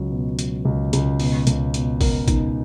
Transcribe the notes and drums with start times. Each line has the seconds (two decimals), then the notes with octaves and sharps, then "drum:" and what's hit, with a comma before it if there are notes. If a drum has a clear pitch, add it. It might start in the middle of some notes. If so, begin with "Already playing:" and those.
Already playing: C#2 F#3
0.11 B2
0.39 F#3, drum: hi-hat
0.65 C#2
0.93 C#2, drum: hi-hat
1.20 B2, drum: open hi-hat
1.47 C#2, drum: hi-hat
1.74 B2, drum: hi-hat
2.01 B2 A#4, drum: kick, open hi-hat
2.28 B2 D#4, drum: kick, hi-hat